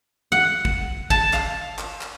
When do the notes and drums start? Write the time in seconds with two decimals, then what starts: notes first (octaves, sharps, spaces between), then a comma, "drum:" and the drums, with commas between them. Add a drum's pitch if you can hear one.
0.32 F#5
0.65 drum: kick
1.10 A5, drum: kick
1.33 F5, drum: clap
1.79 drum: clap
2.01 drum: clap